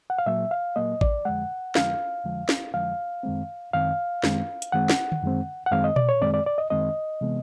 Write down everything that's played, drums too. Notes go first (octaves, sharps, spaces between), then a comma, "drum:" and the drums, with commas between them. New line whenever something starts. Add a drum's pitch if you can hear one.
F#5
F5
A#2 F#3 A#3 E5
F5
A#2 F#3 A#3 D#5
D5, drum: kick A1
F2 D3 F3 G#3 F#5
F2 D3 F3 G#3 F5, drum: snare
F2 D3 F3 G#3
drum: snare
F2 D3 F3 G#3 F5
F#2 D#3 G#3 C4
F#2 D#3 G#3 C4 F5
F#2 D#3 G#3 C4, drum: snare
drum: hi-hat
F#2 D#3 G#3 C4 F#5
drum: snare
drum: tom D3
F#2 D#3 G#3 C4
F#5
F#2 D#3 G#3 C4 F5
D#5
D5, drum: tom A#2
C#5
F#2 D#3 G#3 C4 D5
D5
D5
D#5
F#2 D#3 G#3 C4 D#5
C3 E3 G#3 B3